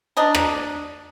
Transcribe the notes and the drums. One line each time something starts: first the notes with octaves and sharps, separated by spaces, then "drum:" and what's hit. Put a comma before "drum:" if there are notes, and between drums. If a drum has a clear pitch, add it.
D4 D#5 A#5
drum: rim click